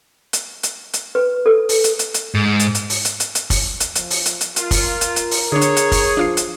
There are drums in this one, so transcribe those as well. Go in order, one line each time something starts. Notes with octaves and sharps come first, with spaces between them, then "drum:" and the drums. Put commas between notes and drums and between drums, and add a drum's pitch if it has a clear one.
drum: hi-hat
drum: hi-hat
drum: hi-hat
B4
A4
drum: open hi-hat
drum: hi-hat
drum: hi-hat
drum: hi-hat
G#2
drum: hi-hat
drum: hi-hat
drum: open hi-hat
drum: hi-hat
drum: hi-hat
drum: hi-hat
drum: kick, open hi-hat
drum: hi-hat
F3, drum: hi-hat
drum: open hi-hat
drum: hi-hat
drum: hi-hat
F4 A#4, drum: hi-hat
drum: kick, open hi-hat
drum: hi-hat
drum: hi-hat
drum: open hi-hat
D3 D4 G#4 C#5
drum: hi-hat
drum: hi-hat
drum: kick, open hi-hat
F3 D4 F4 C7
drum: hi-hat